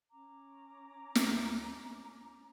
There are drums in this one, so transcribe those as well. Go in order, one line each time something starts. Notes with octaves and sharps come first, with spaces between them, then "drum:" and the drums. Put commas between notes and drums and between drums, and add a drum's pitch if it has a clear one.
C#4 A#5 D6
drum: snare